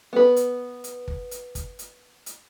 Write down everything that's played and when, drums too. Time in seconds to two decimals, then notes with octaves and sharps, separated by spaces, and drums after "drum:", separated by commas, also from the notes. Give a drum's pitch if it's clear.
0.13 B3 B4
0.36 drum: hi-hat
0.84 drum: hi-hat
1.08 drum: kick G1
1.31 drum: hi-hat
1.55 drum: kick G1, hi-hat
1.79 drum: hi-hat
2.26 drum: hi-hat